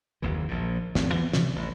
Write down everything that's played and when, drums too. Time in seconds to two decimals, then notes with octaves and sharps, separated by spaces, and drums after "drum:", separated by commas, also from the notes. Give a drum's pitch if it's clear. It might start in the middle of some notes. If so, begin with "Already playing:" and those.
0.22 F#1 D#2 E3
0.48 A#1 A#2
0.95 G#1 E2 A3 C4, drum: snare
1.14 E3 B3 C4
1.33 G2 C3 E3, drum: snare
1.56 A1